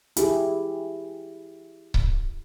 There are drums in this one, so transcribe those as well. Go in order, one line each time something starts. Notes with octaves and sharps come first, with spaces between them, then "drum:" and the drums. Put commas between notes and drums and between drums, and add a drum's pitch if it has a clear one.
E4 G4 G#4, drum: hi-hat
drum: kick C#1